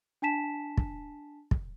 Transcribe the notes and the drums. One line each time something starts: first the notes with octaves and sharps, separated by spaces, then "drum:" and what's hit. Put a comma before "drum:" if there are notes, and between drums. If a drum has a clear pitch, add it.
D4 G#5 A5 B6 E7
drum: kick
drum: kick